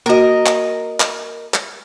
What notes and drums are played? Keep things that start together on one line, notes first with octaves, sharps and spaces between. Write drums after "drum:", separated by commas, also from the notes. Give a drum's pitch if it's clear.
A#3 F#4 A#4 D#5
drum: clap
drum: clap
drum: clap